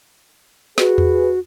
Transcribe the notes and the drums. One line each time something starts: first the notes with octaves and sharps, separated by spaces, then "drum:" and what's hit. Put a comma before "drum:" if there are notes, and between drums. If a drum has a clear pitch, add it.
F#4 G#4 B4, drum: snare
drum: tom E2